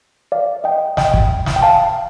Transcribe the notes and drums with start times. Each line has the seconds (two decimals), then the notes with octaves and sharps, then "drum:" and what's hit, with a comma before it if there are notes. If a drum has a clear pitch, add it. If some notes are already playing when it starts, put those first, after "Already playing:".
0.32 D5 F5
0.64 D#5 G5
0.97 D#5 G5, drum: snare
1.14 drum: kick
1.46 drum: snare
1.56 G5
1.62 F5 A5